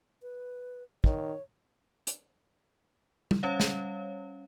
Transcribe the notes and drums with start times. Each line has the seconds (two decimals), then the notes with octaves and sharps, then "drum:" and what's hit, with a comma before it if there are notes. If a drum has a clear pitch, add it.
0.22 B4
1.04 D#3 C#5, drum: kick
2.07 drum: hi-hat
3.31 drum: tom
3.43 G3 C#4 C#5 F5
3.60 drum: snare